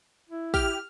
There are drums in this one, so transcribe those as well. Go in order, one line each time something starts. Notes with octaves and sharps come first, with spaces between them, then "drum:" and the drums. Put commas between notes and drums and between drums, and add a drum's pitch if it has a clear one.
E4
G4 F6, drum: kick